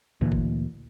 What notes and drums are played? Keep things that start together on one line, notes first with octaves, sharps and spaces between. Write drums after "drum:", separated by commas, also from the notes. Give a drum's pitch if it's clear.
D2 A#2 E3
drum: kick G1